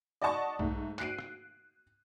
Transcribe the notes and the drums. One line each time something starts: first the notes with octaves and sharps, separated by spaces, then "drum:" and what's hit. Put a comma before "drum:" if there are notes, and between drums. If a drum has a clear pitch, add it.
D5 D#5 F#5 A5 C#6
G#2 A3, drum: kick
F#6 C7 D7 D#7, drum: clap
drum: rim click